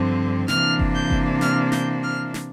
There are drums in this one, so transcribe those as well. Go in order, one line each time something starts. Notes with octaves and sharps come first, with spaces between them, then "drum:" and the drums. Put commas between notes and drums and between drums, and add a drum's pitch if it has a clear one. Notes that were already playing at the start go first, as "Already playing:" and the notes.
Already playing: G2 D3 F3 C4
C3 E3 A#3 D4 F6, drum: snare
drum: kick F#1
G6
drum: kick F#1
F6, drum: snare
G6, drum: snare
F6
drum: snare